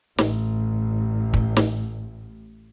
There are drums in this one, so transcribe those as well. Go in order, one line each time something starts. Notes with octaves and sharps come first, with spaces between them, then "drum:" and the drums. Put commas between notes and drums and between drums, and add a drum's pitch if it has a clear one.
A1 A2, drum: snare
drum: kick
drum: snare